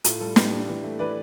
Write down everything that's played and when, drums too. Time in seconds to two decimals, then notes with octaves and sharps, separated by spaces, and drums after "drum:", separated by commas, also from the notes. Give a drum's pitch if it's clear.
0.04 A2 F4 A4, drum: hi-hat
0.20 G3 F4 A4
0.36 A2 G4 B4, drum: snare
0.52 D4
0.69 E3
0.84 A3
0.99 E3 B4 D5